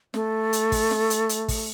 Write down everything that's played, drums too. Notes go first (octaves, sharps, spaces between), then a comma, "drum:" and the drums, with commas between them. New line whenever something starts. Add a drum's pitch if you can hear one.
A3, drum: snare
drum: hi-hat
drum: kick, open hi-hat
drum: snare
drum: hi-hat
drum: hi-hat
drum: kick, open hi-hat